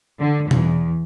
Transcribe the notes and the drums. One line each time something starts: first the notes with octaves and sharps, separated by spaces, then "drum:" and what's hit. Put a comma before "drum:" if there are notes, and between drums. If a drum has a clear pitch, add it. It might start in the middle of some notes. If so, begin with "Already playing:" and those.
D3
E2, drum: tom B2